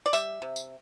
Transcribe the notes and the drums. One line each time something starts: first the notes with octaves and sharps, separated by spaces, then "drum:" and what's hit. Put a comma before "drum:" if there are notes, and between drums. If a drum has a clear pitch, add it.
D5
G3 E5, drum: tambourine
C3
drum: tambourine